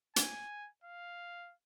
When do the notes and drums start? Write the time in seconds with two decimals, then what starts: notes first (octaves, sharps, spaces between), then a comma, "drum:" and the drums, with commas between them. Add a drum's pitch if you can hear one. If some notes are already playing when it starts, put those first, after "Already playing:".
0.16 G#5, drum: hi-hat
0.84 F5